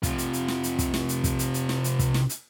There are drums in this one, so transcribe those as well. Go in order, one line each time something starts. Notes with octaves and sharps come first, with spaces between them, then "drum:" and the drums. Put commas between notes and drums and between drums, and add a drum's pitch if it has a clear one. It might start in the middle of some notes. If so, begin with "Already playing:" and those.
C3 F4, drum: kick, hi-hat
drum: hi-hat
drum: hi-hat
drum: snare
drum: hi-hat
drum: kick, hi-hat
drum: snare
drum: hi-hat
drum: kick, hi-hat
drum: hi-hat
drum: hi-hat
drum: snare
drum: hi-hat
drum: kick, hi-hat
drum: snare
drum: hi-hat